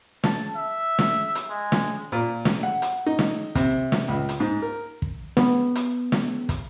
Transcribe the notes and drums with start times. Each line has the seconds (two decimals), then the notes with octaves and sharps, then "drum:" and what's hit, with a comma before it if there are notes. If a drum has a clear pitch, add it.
0.24 A5, drum: snare
0.56 E5
0.99 drum: snare
1.35 drum: hi-hat
1.50 G#3
1.72 drum: snare
2.12 A#2
2.45 drum: snare
2.63 F#5
2.82 drum: hi-hat
3.06 D#4
3.19 drum: snare
3.55 C3, drum: kick, hi-hat
3.92 drum: snare
4.08 C#2
4.29 drum: hi-hat
4.40 G#2
4.62 A#4
5.02 drum: kick
5.37 B3, drum: snare
5.75 drum: hi-hat
6.12 drum: snare
6.49 drum: kick, hi-hat